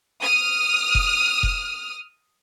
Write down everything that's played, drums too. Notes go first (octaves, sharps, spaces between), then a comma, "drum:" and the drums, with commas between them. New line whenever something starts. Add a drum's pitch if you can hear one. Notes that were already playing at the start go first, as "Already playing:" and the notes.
D#6 F6
drum: kick F1
drum: kick F1